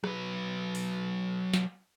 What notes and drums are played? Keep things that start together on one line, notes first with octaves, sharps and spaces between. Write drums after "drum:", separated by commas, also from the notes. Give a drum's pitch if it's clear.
F#3 B4, drum: rim click
drum: open hi-hat
drum: snare